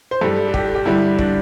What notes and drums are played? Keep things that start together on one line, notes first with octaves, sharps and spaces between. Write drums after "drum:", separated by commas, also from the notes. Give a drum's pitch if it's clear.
C5
G2 G3 A4
A4
A4
G4, drum: kick
G4
G2 D3 G3 E4
D4, drum: kick